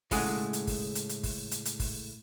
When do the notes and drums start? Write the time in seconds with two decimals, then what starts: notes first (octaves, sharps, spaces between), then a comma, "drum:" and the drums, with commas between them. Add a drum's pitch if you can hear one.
0.11 A2 C#3 G#3 A3 G#4 F#5, drum: kick G1, open hi-hat
0.53 drum: hi-hat
0.67 drum: kick G1, open hi-hat
0.95 drum: hi-hat
1.09 drum: hi-hat
1.23 drum: kick G1, open hi-hat
1.51 drum: hi-hat
1.65 drum: hi-hat
1.79 drum: kick G1, open hi-hat